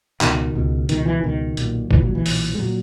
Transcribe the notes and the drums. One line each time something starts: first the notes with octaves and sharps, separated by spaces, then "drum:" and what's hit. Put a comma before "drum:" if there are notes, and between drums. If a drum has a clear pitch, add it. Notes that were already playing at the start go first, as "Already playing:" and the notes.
C#2 B2 D#3, drum: clap
C#2 B2
C#2 B2 D#3, drum: hi-hat
E3
C#2 B2 D#3
B1 A#2, drum: hi-hat
B1 A#2 E3, drum: kick G1
F#3
E3
B1 A#2, drum: open hi-hat
G#3
A#2 F#3